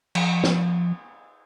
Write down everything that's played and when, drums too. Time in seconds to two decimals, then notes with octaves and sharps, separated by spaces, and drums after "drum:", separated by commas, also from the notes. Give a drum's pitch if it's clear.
0.15 F3, drum: cymbal
0.43 drum: snare